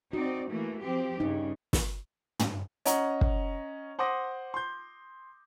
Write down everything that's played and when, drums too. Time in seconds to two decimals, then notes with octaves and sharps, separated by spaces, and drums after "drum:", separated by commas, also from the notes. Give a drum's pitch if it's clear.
0.13 C4 D#4 F#4 D5
0.50 E3 A3 A#3
0.82 F3 C4 G4
1.20 G2 C#3 D#4
1.73 drum: snare
2.39 drum: tom
2.86 C#4 D#5 F#5 A#5, drum: hi-hat
3.21 drum: kick
3.99 C5 F#5 C6 D6 D#6 A#6
4.54 C6 G6